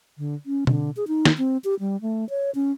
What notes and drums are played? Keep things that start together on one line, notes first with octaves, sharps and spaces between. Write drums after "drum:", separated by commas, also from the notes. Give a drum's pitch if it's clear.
D3
C#4
D3, drum: tom B2
G#4
D#4
drum: snare
C4
G4
G3
A3
C#5
C#4